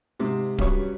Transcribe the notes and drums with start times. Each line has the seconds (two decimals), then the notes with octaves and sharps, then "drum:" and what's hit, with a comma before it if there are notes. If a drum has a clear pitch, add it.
0.20 G#2 C3
0.58 G2 F#3 G3 C#4 C#6, drum: kick D1